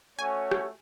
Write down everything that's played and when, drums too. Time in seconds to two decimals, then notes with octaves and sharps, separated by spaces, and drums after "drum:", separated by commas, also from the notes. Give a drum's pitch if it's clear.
0.19 A3 C#4 F#4 C#5 G#5
0.51 drum: rim click